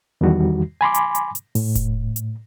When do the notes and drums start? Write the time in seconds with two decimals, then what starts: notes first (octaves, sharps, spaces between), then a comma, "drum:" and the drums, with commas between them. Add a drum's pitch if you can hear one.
0.21 E2 D#3 G3 F#4
0.81 G#5 B5 C6 D6
0.94 drum: hi-hat
1.15 drum: hi-hat
1.35 drum: hi-hat
1.55 A2, drum: open hi-hat
1.75 drum: kick E1, hi-hat
2.16 drum: hi-hat